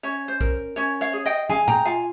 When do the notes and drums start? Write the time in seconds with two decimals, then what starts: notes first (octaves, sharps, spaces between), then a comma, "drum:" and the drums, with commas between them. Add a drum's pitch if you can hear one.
0.03 C#4 C#5
0.28 C5
0.41 A#4, drum: kick B1
0.76 C#4 C#5
1.01 C#5 F5
1.13 G#4
1.26 D#5 G5
1.50 G#4 F5 G#5, drum: tom
1.68 G5 A#5, drum: tom A#2
1.85 F4 F5 G#5